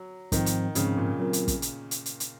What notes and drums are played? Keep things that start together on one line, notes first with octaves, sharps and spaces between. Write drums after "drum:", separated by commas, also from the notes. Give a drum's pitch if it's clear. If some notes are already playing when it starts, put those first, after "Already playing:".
Already playing: F#3
G#2 D#3 F3 C4, drum: kick, hi-hat
drum: hi-hat
G#2 C#3 F3 C4, drum: hi-hat
A#2
F#3 C4 F4 A#4
drum: hi-hat
drum: kick, hi-hat
drum: hi-hat
drum: hi-hat
drum: hi-hat
drum: hi-hat